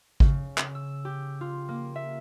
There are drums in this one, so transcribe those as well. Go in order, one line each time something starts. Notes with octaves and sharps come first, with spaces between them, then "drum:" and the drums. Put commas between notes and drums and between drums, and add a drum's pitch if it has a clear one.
C#3, drum: kick G#1
drum: clap
E6
G4
F4
A#3
E5